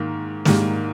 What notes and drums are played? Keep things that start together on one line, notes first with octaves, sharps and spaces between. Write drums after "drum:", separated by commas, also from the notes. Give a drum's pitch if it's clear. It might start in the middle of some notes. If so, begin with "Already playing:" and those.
Already playing: G#2 D#3 A#3
G#2 D#3 G3 A#3, drum: snare